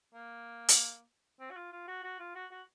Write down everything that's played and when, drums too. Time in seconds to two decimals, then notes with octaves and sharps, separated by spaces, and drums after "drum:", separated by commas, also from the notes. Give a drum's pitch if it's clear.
0.14 A#3
0.68 drum: hi-hat
1.40 C4
1.51 F#4
1.56 F4
1.72 F4
1.88 F#4
2.04 F#4
2.19 F4
2.35 F#4
2.51 F#4